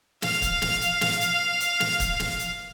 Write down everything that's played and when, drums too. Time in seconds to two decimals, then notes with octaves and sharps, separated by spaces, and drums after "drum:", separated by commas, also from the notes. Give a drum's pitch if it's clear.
0.22 F5 F6, drum: snare
0.42 drum: kick, hi-hat
0.62 drum: snare
0.81 drum: hi-hat
1.01 drum: snare
1.21 drum: hi-hat
1.60 drum: hi-hat
1.80 drum: snare
2.00 drum: kick, hi-hat
2.20 drum: snare
2.39 drum: hi-hat